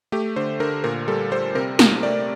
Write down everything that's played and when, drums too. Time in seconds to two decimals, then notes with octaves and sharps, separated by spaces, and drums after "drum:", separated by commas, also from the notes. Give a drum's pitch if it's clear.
0.12 A3 G4
0.36 D3 C5
0.60 D3 A#4
0.84 A#2 A#4
1.08 G3 A4
1.32 G3 C5
1.55 C3 A#4
1.79 C3 A#4, drum: snare
2.03 A3 D5